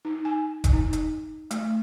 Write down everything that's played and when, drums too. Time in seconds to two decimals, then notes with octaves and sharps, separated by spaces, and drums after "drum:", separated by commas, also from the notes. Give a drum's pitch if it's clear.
0.05 D#4
0.25 G#5
0.64 drum: kick F1, hi-hat
0.73 D#4
0.93 drum: hi-hat
1.51 A3, drum: hi-hat